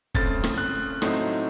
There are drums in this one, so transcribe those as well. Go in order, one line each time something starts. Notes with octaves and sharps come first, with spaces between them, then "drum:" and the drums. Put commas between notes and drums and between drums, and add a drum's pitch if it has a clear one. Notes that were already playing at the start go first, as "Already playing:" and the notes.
C#3 A3 C4 A6, drum: kick
drum: rim click
F#6
A2 F#3 A3 C4 D#4, drum: rim click